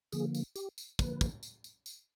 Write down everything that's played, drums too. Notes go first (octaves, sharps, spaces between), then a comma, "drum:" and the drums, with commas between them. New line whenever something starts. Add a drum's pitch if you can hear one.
D3 F3 A#3 G#4, drum: tambourine
drum: tambourine
G4, drum: tambourine
drum: tambourine
D3 F3 A#3 B4, drum: kick, tambourine
drum: kick, tambourine
drum: tambourine
drum: tambourine
drum: tambourine